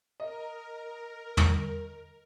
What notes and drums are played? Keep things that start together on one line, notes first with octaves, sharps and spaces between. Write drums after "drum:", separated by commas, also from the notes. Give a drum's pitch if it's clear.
A#4 D#5
drum: tom